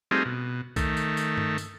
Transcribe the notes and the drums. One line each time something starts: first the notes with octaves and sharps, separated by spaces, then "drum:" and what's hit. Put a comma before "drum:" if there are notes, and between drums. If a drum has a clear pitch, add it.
G3 A3 C4 D#4 F4 G#4
B2
D#3 A3, drum: kick B1, tambourine
drum: tambourine
drum: tambourine
drum: tom G2
drum: tambourine